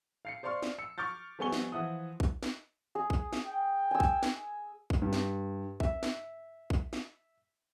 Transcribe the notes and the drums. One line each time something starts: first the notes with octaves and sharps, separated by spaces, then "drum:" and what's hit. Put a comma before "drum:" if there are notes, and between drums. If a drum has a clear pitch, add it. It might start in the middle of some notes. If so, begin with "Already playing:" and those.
F5 C7 C#7
C5 D5 F5 C6 C#6 F6
drum: snare
E6 C#7
C#6 D6 F6 G6 A6
F3 G3 B3 G#5 C#6 G7
drum: snare
E3 F3 E5 F#5 D#6
drum: kick A#1
drum: snare
G#4
drum: kick A#1
drum: snare
G5
G#5 E6
drum: kick A#1
drum: snare
drum: kick A#1
G2
drum: snare
E5, drum: kick A#1
drum: snare
drum: kick A#1
drum: snare